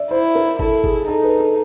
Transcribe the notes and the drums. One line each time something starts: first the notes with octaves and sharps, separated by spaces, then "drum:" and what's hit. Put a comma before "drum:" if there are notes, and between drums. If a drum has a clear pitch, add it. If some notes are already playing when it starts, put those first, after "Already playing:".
Already playing: D5 E5
E4 C5
A#4
E4 A4, drum: kick G1
G#4, drum: kick G1
D#4 A4
B4
A4